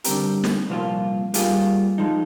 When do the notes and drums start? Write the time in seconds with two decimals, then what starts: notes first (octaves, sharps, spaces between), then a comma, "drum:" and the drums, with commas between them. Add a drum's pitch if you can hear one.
0.04 D3 G3 C4 G4 A#4, drum: hi-hat
0.44 drum: snare
0.69 C2 A#2 F3 A#3 F4
1.34 G3 A#3 F4 G#4, drum: hi-hat
1.98 F3 G#3 D#4